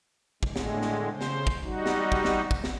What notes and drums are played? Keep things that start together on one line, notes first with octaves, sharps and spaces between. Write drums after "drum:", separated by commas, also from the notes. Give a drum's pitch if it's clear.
A2 D3 G#3, drum: kick
drum: snare
drum: snare
C#3 C5
drum: snare
drum: kick
G3 D#4 F#4
drum: snare
drum: kick
drum: snare
drum: kick
drum: snare